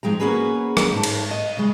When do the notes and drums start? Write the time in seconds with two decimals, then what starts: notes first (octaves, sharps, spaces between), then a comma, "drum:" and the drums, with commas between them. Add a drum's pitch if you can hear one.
0.03 G#2 F3 G#3 G5 A#5
0.20 A#3 B3 C#4 F#4 G#4 B4
0.77 drum: rim click
0.93 G#2 A5
1.03 drum: cymbal
1.31 D#5
1.57 C#3 G#3